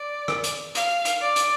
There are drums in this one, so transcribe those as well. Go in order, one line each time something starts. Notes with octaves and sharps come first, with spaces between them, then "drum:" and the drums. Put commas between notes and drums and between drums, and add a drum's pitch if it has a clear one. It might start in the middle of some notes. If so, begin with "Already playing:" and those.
Already playing: D5
drum: rim click
drum: hi-hat
F5, drum: hi-hat
drum: hi-hat
D5
drum: hi-hat